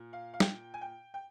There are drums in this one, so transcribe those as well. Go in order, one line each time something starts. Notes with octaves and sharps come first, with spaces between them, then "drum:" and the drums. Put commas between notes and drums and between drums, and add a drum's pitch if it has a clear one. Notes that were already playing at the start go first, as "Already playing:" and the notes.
Already playing: A#2
F5
F5
G5, drum: snare
G#5
G5
G5